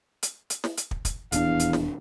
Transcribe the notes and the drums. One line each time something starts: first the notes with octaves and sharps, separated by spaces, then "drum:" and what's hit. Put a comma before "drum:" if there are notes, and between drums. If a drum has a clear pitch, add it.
drum: hi-hat
drum: hi-hat
drum: snare
drum: hi-hat
drum: kick
drum: kick, hi-hat
D#1 E2 D4 F5, drum: hi-hat
drum: hi-hat
drum: snare